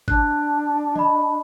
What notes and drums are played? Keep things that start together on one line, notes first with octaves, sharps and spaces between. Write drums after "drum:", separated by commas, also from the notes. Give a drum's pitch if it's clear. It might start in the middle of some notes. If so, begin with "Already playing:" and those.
D4 F#6, drum: kick
D#5 B5, drum: tom